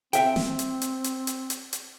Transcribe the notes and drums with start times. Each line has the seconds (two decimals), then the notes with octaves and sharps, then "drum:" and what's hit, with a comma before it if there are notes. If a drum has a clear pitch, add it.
0.13 C4 E5 G5, drum: hi-hat
0.36 drum: snare
0.59 drum: hi-hat
0.82 drum: hi-hat
1.04 drum: hi-hat
1.27 drum: hi-hat
1.50 drum: hi-hat
1.73 drum: hi-hat